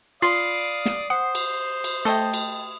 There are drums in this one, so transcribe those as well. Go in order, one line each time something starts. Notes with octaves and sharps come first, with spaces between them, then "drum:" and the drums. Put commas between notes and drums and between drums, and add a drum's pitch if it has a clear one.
F4 D5 F5 B5 C6 D#6 C7
drum: snare
C5 F#5 D#6
drum: cymbal
drum: cymbal
A3 A4 D#5 G5
drum: cymbal